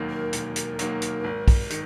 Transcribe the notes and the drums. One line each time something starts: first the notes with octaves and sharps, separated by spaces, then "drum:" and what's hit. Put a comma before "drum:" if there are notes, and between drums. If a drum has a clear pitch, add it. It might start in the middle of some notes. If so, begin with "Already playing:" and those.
Already playing: E1 D#2 D#3 F#3 A#3
A#4
E1, drum: hi-hat
drum: hi-hat
D#2 D#3 F#3 A#3, drum: hi-hat
drum: hi-hat
G#1
drum: kick, open hi-hat
D#3, drum: hi-hat